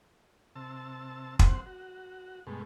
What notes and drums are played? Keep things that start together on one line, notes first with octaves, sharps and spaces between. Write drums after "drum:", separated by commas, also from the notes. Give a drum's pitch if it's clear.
C3 A5 E6
G3 C4 C5 F#5, drum: kick
F#4
G2 B2 G#3 A3